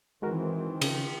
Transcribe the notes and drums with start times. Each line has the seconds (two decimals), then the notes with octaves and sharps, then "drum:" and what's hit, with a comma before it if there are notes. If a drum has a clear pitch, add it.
0.22 D#3 E3 G#3 C4 F#4 A#4
0.82 C#3, drum: cymbal